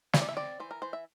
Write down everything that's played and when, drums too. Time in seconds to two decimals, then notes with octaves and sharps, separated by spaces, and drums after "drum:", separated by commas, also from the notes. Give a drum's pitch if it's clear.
0.13 E3 E5, drum: snare
0.22 D5
0.29 E5
0.37 C4 D5
0.60 E3 C5
0.71 A#4
0.82 E3 C5
0.93 E5